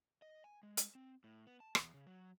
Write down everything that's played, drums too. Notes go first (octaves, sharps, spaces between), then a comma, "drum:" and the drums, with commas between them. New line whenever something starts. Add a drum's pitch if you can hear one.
D#5
G#5
G#3
drum: hi-hat
C4
A2
B3
A5
E2, drum: rim click
C#3
F#3